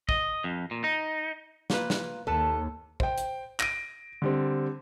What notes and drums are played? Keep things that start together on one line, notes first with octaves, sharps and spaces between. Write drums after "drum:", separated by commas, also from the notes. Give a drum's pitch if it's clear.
D#5, drum: kick
F2
A#2
D#4
A#3 F4 B4, drum: snare
drum: snare
D#2 A4 B4 A5
C5 G5, drum: kick
drum: hi-hat
A#6 D7 D#7, drum: clap
D3 G3 C4